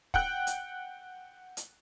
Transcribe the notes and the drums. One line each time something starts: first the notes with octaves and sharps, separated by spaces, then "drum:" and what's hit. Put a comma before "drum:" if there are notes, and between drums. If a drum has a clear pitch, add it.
F#5 G5 F#6, drum: kick
drum: hi-hat
drum: hi-hat